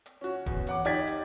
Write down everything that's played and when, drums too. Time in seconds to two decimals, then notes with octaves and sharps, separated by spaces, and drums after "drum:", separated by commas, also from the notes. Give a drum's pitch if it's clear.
0.06 drum: hi-hat
0.21 C#4 F#4
0.46 E2, drum: kick E1, hi-hat
0.67 C#5 F#5 D6, drum: hi-hat
0.85 D#4 G4 D5 G#6 B6, drum: hi-hat
1.07 drum: hi-hat